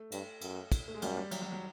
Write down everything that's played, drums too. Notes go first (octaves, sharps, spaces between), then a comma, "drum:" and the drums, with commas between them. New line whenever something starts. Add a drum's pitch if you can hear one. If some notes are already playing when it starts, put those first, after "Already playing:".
Already playing: A3
G2, drum: cymbal
F#2, drum: cymbal
drum: kick, cymbal
A3
G#3
F#2 G3, drum: cymbal
G3
F#3, drum: cymbal
F#3
F#3